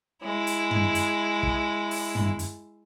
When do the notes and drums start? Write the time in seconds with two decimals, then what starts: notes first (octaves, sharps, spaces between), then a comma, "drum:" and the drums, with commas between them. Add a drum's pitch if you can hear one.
0.23 G#3 E4
0.47 drum: hi-hat
0.71 drum: tom
0.95 drum: hi-hat
1.43 drum: kick
1.91 drum: open hi-hat
2.15 drum: tom
2.39 drum: hi-hat